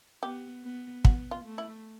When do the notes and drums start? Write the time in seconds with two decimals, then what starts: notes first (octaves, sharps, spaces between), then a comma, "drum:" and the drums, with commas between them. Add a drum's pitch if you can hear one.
0.23 B3 G4
0.64 B3
1.05 B3 F#4, drum: kick
1.31 F4
1.45 A3
1.58 E4